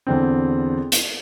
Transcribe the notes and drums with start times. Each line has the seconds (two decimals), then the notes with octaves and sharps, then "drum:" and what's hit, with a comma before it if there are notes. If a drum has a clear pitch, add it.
0.07 E2 D3 C4
0.92 drum: hi-hat